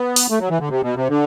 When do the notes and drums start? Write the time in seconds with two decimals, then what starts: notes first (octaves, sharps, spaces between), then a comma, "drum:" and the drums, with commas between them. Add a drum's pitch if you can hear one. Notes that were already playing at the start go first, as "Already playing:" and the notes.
Already playing: B3
0.16 drum: open hi-hat
0.30 A3
0.40 F#3
0.50 E3
0.60 D3
0.70 C3
0.83 B2
0.96 C3
1.09 D3